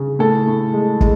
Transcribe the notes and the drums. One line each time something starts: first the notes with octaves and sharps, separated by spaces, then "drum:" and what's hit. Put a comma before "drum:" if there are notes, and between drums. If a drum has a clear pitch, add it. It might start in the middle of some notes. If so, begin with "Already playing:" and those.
Already playing: C#3
A2 A4
A2
G#3
G#3, drum: kick